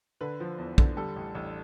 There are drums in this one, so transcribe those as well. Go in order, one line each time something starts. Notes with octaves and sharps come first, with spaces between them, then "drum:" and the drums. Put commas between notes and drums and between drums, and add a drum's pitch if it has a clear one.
D3 B4
F3
E2
D3, drum: kick
G3 A4
A1
A1